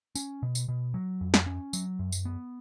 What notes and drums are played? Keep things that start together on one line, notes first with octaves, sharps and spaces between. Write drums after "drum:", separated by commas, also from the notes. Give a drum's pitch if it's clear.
C#4, drum: tambourine
B2
drum: tambourine
B2
F#3
F2
drum: snare
C#4
F#3, drum: tambourine
F#2
drum: tambourine
B3